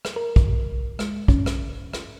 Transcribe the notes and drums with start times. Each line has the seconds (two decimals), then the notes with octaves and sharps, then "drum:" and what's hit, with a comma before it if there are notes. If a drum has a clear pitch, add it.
0.05 drum: rim click
0.16 A#4
0.36 drum: kick
0.48 B1
0.99 G#3, drum: rim click
1.28 C#4, drum: kick
1.46 drum: rim click
1.93 drum: rim click